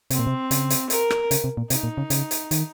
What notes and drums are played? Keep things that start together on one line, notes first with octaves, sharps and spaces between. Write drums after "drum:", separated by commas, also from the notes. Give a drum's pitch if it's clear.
C3 C4, drum: hi-hat
A#2
C3
C#3, drum: hi-hat
drum: hi-hat
A#4, drum: hi-hat
drum: rim click
C#3, drum: hi-hat
C3
A#2
C3 D#4, drum: hi-hat
A#2
C#3
C#3, drum: hi-hat
drum: hi-hat
D#3, drum: hi-hat